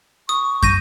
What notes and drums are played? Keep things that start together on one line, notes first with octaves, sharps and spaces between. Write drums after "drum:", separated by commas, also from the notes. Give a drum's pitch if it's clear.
C#6 D#6
G6 A#6 D#7, drum: kick